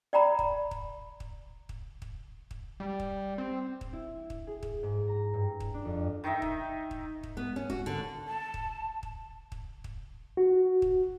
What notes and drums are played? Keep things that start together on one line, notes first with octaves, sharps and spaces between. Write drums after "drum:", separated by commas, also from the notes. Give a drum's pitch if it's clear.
D5 G5 A#5 B5
drum: kick
drum: kick
drum: kick
drum: kick
drum: kick
drum: kick
G3
drum: kick
C4
drum: kick
E4
drum: kick
G#4
drum: kick
G#2
A#5
G2
drum: kick
D4
F2
D#3 D#4 D#5 E5
drum: kick
drum: kick
drum: kick
B3
C#4
F#4, drum: kick
D3
A5
drum: kick
drum: kick
drum: kick
drum: kick
F#4
drum: kick